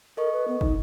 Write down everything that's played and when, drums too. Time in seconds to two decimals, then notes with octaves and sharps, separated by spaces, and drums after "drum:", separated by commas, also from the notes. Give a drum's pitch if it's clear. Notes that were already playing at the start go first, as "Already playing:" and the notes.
0.17 A4 A#4 D#5 C#6
0.33 B4
0.48 B3
0.61 D#4, drum: kick